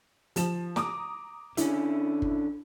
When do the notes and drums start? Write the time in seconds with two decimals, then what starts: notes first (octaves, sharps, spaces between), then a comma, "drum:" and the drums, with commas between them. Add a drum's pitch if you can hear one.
0.36 F3 E7, drum: hi-hat
0.76 A#5 D6 D#6, drum: snare
1.57 D3 C#4 E4, drum: hi-hat
2.22 drum: kick G1